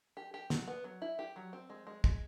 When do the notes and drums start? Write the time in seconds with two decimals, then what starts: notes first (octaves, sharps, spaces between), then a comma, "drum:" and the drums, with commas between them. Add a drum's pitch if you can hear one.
0.17 G4
0.34 G4
0.50 F#3, drum: snare
0.68 B3
0.84 F#3
1.02 E4
1.19 G4
1.36 F#3
1.53 C4
1.70 G#3
1.87 G#3
2.04 G#3, drum: kick